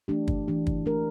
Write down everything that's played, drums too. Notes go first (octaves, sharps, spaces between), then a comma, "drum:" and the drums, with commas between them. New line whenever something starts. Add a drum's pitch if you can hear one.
E3 A3 D4 G4
drum: kick
E3 A3 D4 G4
drum: kick
E3 A3 D4 G4 A#4